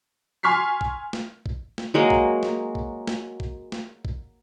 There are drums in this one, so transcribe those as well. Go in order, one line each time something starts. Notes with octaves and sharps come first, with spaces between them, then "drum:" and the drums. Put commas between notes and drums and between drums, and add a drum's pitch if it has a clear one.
G#5 C6 C#6 F6 B6 C7
drum: kick
drum: snare
drum: kick
drum: snare
F#3 G#3 A#3
drum: kick
drum: snare
drum: kick
drum: snare
drum: kick
drum: snare
drum: kick